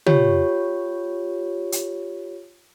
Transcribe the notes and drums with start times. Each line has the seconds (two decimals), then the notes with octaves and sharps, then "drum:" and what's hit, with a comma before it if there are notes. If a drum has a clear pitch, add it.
0.06 F4 G4 C#5, drum: tom
1.72 drum: hi-hat